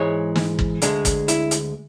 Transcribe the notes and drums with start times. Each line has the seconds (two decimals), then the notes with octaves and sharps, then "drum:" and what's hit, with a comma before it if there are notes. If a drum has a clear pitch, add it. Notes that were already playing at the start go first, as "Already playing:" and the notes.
Already playing: G#2 E3 G#3 C#5
0.36 drum: snare
0.59 drum: kick
0.82 D2 D3 G#3, drum: hi-hat
1.05 drum: kick, hi-hat
1.28 E4, drum: hi-hat
1.51 drum: hi-hat